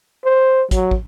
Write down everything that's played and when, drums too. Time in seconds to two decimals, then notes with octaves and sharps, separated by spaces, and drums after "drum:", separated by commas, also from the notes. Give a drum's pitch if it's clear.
0.25 C5
0.71 F#3, drum: kick, hi-hat
0.91 drum: kick